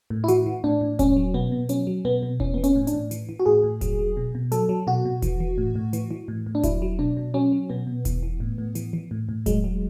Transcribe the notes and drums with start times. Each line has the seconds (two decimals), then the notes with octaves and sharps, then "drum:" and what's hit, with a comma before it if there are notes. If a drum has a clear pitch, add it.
0.10 A2
0.24 E4
0.28 E3 F#4, drum: hi-hat
0.46 E3
0.64 A2 D4
0.81 A2
0.99 F#3 C#4, drum: kick E1, hi-hat
1.16 F#3
1.34 B2 B3
1.52 B2
1.69 F#3 C#4, drum: hi-hat
1.87 F#3
2.05 B2 B3
2.23 B2
2.40 E3 C#4, drum: kick E1
2.54 E3 B3
2.64 C#4, drum: hi-hat
2.75 A2
2.87 D4, drum: hi-hat
2.93 A2
3.11 E3, drum: hi-hat
3.29 E3
3.40 F#4
3.46 A2 G#4
3.64 A2
3.81 F#3, drum: kick E1, hi-hat
3.99 F#3
4.17 B2
4.35 B2
4.52 F#3 A4, drum: hi-hat
4.69 F#3
4.87 B2 F#4
5.05 B2
5.22 E3, drum: kick E1, hi-hat
5.40 E3
5.58 A2
5.75 A2
5.93 E3, drum: hi-hat
6.11 E3
6.28 A2
6.46 A2
6.55 D4
6.63 F#3 E4, drum: kick E1, hi-hat
6.82 F#3
6.99 B2 D4
7.17 B2
7.34 F#3 C#4
7.52 F#3
7.70 B2 B3
7.87 B2
8.05 E3, drum: kick E1, hi-hat
8.23 E3
8.40 A2
8.58 A2
8.75 E3, drum: hi-hat
8.93 E3
9.11 A2
9.29 A2
9.46 F#3 G#3, drum: kick E1, hi-hat
9.64 F#3